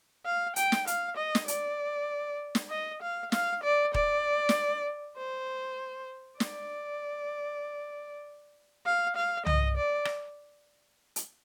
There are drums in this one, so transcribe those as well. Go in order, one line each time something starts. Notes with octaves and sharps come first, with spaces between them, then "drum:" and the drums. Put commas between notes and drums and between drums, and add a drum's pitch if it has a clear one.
F5
G5, drum: hi-hat
drum: snare
F5, drum: hi-hat
D#5
drum: snare
D5, drum: hi-hat
drum: snare
D#5
F5
F5, drum: snare
D5
D5, drum: kick D#1
drum: snare
C5
D5, drum: snare
F5
F5
D#5, drum: tom
D5
drum: rim click
drum: hi-hat